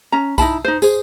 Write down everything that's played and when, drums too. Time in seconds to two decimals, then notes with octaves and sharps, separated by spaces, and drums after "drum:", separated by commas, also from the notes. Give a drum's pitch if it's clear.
0.12 C#4 A#5
0.38 D#4 E4 A5 B5, drum: kick B1, tambourine
0.65 D#4 C5
0.82 G#4 C5, drum: tambourine